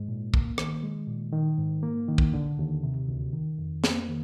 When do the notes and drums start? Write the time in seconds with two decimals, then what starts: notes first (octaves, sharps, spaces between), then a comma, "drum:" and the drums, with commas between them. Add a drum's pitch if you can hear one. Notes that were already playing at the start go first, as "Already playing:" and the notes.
Already playing: G#2 G#3
0.08 A#2
0.34 A#3, drum: kick
0.58 D#3, drum: rim click
0.83 G#3
1.08 A#2
1.33 D#3
1.58 G#2
1.83 A#3
2.08 D#3
2.18 drum: kick
2.34 D3
2.59 D#2
2.83 C3
3.08 D2
3.33 D#3
3.58 F2
3.84 A#3, drum: snare
4.09 D#3